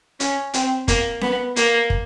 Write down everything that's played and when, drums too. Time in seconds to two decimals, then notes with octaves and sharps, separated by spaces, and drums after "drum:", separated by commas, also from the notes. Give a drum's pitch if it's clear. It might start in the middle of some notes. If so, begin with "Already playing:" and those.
0.20 C#4, drum: hi-hat
0.53 C4, drum: hi-hat
0.88 A#3, drum: kick, hi-hat
1.21 B3, drum: snare C#4
1.56 A#3, drum: hi-hat
1.90 drum: kick